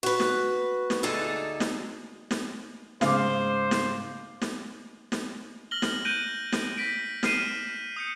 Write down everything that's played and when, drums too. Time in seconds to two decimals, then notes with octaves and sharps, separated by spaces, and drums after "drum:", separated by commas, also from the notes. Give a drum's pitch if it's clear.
0.03 F#4 B4
0.20 drum: snare
0.90 drum: snare
1.03 D2 D3 D#4 G#4 A4
1.60 drum: snare
2.31 drum: snare
3.01 G#2 C#3 C5 F5 D6, drum: snare
3.71 drum: snare
4.42 drum: snare
5.12 drum: snare
5.71 F6 A#6 F#7 G7
5.82 drum: snare
6.05 F#6 G6 A#6 D7 D#7 G7
6.52 drum: snare
6.78 A#6 B6 D7
7.23 F6 C7 D#7 E7, drum: snare
7.96 D#6 G6 C#7